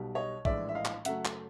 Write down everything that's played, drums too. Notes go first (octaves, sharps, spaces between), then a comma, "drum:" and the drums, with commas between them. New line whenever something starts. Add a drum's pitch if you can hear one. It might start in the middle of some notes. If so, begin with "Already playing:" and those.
Already playing: B1 B2 G3
C#5 D#5
A#1 A2 E3 G#3 D5 E5, drum: kick
E5
D#5 F5
drum: clap
F#2 C#3 F#3 A3 E5 F#5, drum: hi-hat
drum: clap